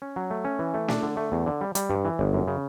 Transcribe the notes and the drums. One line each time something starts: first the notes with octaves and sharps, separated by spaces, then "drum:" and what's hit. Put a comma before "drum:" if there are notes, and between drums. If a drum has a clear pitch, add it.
C#4
F#3
A3
C#4
E3
A3
D4, drum: snare
D3
A3
E2
D3
G3
G3, drum: hi-hat
G2
E3
G1
F#2
C#3